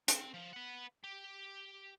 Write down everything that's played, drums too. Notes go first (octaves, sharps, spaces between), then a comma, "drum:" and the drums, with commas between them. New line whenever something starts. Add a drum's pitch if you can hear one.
C4, drum: hi-hat
F3
B4 F#5
G4